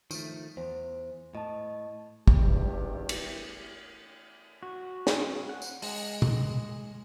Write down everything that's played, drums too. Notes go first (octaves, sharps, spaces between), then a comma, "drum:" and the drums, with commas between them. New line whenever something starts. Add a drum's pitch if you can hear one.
D#3 F3 A3, drum: tambourine
E2 C5
A2 D#5 A5
G#1 E2 G2 G4, drum: kick
drum: cymbal
F#4
drum: snare
F#5
drum: tambourine
G#3, drum: open hi-hat
drum: tom B2